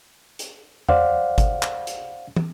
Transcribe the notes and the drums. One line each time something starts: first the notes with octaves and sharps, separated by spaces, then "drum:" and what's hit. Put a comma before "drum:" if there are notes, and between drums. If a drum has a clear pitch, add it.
drum: hi-hat
C5 D5 F5 F#5, drum: tom E2
drum: kick G1, hi-hat
drum: clap
drum: hi-hat
drum: tom